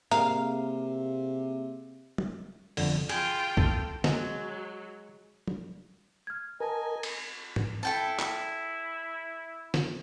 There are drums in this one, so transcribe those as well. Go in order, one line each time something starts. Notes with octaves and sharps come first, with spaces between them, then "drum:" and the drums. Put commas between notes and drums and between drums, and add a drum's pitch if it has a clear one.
C3 A#3 G#4 F5 A#5, drum: hi-hat
drum: tom
G1 F2 D3, drum: open hi-hat
F4 G#4 G5, drum: cymbal
A4, drum: kick
F#3 G#3, drum: snare
drum: tom
F6 G#6
A#4 B4 D#5 G#5 A5
drum: cymbal
drum: tom
E4 A4 G5 A5
drum: clap
drum: snare